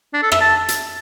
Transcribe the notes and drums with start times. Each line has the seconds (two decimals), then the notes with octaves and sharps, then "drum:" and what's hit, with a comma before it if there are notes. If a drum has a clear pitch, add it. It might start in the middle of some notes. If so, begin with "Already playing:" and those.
0.14 D4
0.23 A4
0.32 E5, drum: rim click
0.41 A5
0.68 drum: hi-hat